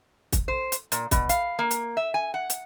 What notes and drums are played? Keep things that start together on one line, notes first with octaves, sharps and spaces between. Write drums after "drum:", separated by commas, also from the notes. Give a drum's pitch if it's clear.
drum: kick, hi-hat
C5
drum: hi-hat
A#2, drum: hi-hat
B2, drum: kick, hi-hat
F5, drum: hi-hat
A#3
drum: hi-hat
E5
G#5
F#5
drum: hi-hat